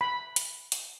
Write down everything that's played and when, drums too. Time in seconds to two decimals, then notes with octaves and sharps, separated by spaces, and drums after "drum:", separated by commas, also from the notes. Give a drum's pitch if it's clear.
0.01 B5
0.36 drum: hi-hat
0.72 drum: hi-hat